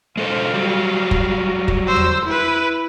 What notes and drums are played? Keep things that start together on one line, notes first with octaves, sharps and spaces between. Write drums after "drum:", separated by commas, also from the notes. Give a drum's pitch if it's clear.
G#3 A4 C5 F5
F#3 G3
drum: kick
drum: kick
C5 E6
drum: tom E2
E4 B4